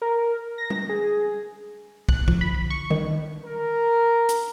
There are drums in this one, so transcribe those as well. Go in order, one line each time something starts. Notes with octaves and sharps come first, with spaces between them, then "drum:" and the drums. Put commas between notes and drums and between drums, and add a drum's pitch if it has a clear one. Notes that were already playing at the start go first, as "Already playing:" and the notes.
A#4
A#6
drum: tom G3
G#4
F#6, drum: kick
F2, drum: kick
B5
B5
C#6
D#3, drum: tom G3
A#4
drum: hi-hat